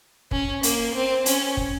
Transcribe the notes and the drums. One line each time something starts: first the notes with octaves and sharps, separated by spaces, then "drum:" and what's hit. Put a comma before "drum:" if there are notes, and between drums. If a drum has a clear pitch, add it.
C#4, drum: kick
A#3, drum: hi-hat
C4
C#4, drum: hi-hat
drum: kick